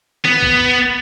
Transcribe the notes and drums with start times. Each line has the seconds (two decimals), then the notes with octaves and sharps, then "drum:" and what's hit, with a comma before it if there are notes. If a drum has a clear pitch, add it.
0.25 B3, drum: snare
0.42 drum: kick